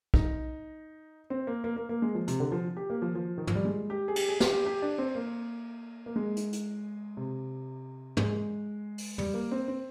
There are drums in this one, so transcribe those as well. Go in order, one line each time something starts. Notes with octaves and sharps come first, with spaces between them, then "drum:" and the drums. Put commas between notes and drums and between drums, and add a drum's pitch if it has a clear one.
D#4, drum: kick B1
C4
A#3
A#3
A#3
A#3
G#3
F3
C3, drum: hi-hat
D3
F3
G4
A#3
F3
F3
D#3
F3, drum: tom
G3
G#3
G4
G#4
G4, drum: cymbal
G#4
G4, drum: snare
G4
G4
D4
C4
A#3
A#3
G#3
drum: hi-hat
drum: hi-hat
C3
G#3, drum: tom
drum: open hi-hat
G3, drum: tom
A#3
C4
C4